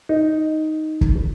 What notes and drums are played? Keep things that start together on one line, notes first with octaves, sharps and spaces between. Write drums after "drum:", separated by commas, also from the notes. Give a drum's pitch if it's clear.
D#4
drum: kick